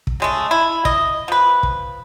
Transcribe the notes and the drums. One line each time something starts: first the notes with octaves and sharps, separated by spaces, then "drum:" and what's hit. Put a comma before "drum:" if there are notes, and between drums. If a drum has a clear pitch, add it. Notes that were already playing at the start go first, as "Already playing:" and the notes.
drum: kick
C#3 G#3 A3
E4
D#5, drum: kick
F3 B4
drum: kick